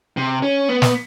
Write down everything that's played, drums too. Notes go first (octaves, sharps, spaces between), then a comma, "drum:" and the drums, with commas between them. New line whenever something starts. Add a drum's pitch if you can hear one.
C3
C#4
B3
drum: snare